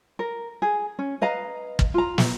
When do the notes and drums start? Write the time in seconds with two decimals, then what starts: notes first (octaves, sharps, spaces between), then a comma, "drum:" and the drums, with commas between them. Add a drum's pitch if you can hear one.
0.19 A#4
0.62 G#4
0.99 C#4
1.21 B4 D#5 F5 A#5
1.79 drum: kick
1.94 F4 A#5
2.18 drum: snare